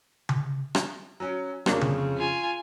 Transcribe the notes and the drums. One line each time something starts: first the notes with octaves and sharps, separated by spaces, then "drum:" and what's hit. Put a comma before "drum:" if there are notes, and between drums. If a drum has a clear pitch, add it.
drum: tom C#3
drum: rim click
F#3 C#4
F2 C#3 F#3 A#3 D4 C#6, drum: rim click
drum: tom C#3
F4 G#5